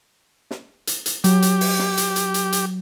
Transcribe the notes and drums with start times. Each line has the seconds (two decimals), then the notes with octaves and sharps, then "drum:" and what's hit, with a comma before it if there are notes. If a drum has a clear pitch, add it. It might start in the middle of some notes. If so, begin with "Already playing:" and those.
0.51 drum: snare
0.87 drum: hi-hat
1.06 drum: hi-hat
1.24 F#3 G4, drum: hi-hat
1.42 drum: hi-hat
1.61 drum: open hi-hat
1.79 drum: snare
1.97 drum: hi-hat
2.16 drum: hi-hat
2.34 drum: hi-hat
2.52 drum: hi-hat